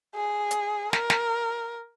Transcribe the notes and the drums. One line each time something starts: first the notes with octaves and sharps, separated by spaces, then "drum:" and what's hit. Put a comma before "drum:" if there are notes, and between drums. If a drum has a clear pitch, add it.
G#4
drum: hi-hat
A#4, drum: snare
drum: snare